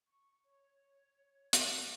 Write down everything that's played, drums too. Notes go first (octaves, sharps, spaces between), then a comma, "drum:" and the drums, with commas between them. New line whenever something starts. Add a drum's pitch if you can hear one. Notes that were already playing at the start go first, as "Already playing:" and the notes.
C#6
C#5
drum: hi-hat